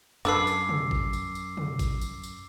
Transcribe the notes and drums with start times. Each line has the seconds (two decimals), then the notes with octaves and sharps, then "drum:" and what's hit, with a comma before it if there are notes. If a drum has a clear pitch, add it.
0.25 F#2 D4 A4 B4 D6 E6 C7, drum: tambourine
0.47 drum: tambourine
0.69 drum: tom
0.91 drum: kick
1.13 drum: tambourine
1.35 drum: tambourine
1.57 drum: tom
1.79 drum: kick, tambourine
2.01 drum: tambourine
2.23 drum: tambourine